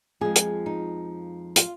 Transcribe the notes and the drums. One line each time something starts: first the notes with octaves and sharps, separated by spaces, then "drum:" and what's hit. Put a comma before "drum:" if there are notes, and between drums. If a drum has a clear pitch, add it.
F2 F3 G#3 G#4
drum: hi-hat
D#4
F4, drum: hi-hat